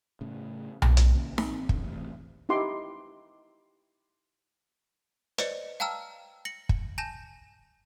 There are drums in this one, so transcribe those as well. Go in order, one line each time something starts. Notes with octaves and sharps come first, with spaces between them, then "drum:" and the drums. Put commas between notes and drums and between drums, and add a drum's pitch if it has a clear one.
A2 C#3
F#2 A2 A#3 B3, drum: tom B1
drum: hi-hat
C3 D#3 A#3 C#4
A1 C4, drum: snare D#4
E1 A#1 D3, drum: kick
A1 C3
D#4 E4 G4 C6 D6
B4 C5 D5 D#5 C#7, drum: hi-hat
F5 G5 A5 A#5 E6 F6
A#6 C#7 F#7
drum: kick
G#5 A5 G6 A#6 E7